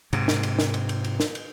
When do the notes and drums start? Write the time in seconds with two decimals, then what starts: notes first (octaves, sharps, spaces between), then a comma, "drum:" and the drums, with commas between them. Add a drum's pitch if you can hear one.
0.13 G#2 C3, drum: cymbal
0.28 drum: snare
0.43 drum: cymbal
0.59 drum: snare
0.74 drum: cymbal
0.89 drum: cymbal
1.04 drum: cymbal
1.20 drum: snare
1.35 drum: cymbal